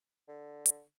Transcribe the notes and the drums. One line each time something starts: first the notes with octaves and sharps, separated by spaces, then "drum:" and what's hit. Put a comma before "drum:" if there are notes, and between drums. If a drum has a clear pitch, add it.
D3
drum: hi-hat